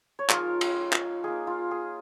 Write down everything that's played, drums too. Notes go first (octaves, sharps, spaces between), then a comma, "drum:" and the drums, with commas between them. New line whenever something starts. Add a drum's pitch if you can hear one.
C#5
F3 G#3 D#4 F4 A#4, drum: clap
drum: cymbal
drum: clap
A#3 D#4 G#4
F4
G#4